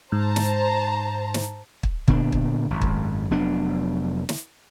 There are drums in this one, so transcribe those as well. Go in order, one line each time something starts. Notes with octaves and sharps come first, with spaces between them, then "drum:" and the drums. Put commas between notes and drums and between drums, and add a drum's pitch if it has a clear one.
G#2 C5 A5 A#5
drum: snare
drum: snare
drum: kick
A#2 D3 B3 D4, drum: kick
drum: kick
G#1 F#2
drum: kick
F1 F#3 B3 D4
drum: snare